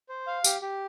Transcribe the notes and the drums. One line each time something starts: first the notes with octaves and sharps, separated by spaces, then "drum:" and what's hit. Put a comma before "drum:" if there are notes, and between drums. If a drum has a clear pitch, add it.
C5
F5
G4, drum: tambourine
G4